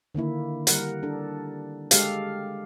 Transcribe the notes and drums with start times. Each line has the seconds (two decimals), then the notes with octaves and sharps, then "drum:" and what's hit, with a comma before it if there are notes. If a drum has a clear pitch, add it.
0.15 D3 D#3 A#3 E4
0.67 G3 A#4 F#5, drum: hi-hat
1.03 D4 A4
1.91 G#3 G4 A4 F5, drum: hi-hat